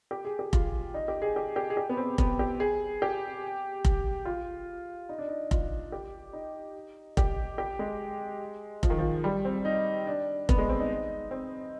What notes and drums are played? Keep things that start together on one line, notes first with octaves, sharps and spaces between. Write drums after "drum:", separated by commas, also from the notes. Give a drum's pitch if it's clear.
G4
G#4
G4
F4, drum: kick F1
D#4
G4
G#4
G4
G4
G#4
G4
B3
C4
B3, drum: kick F1
G4
G#4
G4
drum: kick F1
F4
D#4
D4
D#4
F4, drum: kick F1
G4
D#4
G4, drum: kick F1
G4
G#3
F3, drum: kick F1
D#3
F3
G3
C4
D#4
D4
B3, drum: kick F1
G#3
C4
D#4
C4